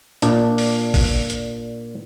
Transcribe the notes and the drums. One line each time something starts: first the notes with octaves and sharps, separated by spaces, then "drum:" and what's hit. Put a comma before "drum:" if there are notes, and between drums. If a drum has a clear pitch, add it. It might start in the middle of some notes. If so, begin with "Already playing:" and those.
A#2 D4, drum: hi-hat
drum: open hi-hat
drum: kick, open hi-hat
drum: hi-hat